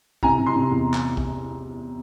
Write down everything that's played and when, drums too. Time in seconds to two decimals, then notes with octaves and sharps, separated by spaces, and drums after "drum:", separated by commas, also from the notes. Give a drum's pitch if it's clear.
0.23 C3 G#5 A#5, drum: kick
0.39 C3
0.46 A#5 C6
0.55 C3
0.71 E2
0.94 drum: clap
1.17 drum: kick